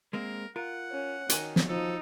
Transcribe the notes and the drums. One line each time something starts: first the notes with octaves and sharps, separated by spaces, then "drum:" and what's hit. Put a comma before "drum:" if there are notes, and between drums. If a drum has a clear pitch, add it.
G#3 A#3 C4 A#4
F4 A#4 F#5
C#4
D#3 F#4 G#5, drum: hi-hat
drum: snare
F3 D#4 A4